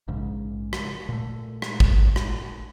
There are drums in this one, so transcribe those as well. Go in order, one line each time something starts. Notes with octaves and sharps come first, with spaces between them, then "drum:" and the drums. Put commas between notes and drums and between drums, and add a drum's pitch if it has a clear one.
A#1 G#2 C#3
drum: rim click
A#2 A3
drum: rim click
drum: kick
drum: rim click